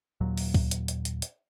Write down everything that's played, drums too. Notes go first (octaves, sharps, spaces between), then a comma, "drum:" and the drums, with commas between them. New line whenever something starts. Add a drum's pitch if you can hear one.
D#2 A#2 F#3
drum: open hi-hat
drum: kick C#2, open hi-hat
drum: hi-hat
drum: hi-hat
drum: hi-hat
drum: hi-hat